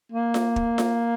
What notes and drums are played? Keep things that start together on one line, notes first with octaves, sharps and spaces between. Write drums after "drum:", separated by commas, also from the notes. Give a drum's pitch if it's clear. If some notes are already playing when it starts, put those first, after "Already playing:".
A#3
drum: snare F4
drum: kick
drum: snare F4